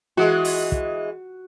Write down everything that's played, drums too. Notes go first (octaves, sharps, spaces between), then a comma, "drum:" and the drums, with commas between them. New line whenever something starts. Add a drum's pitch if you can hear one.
E3 G#3 F#4
drum: open hi-hat
drum: kick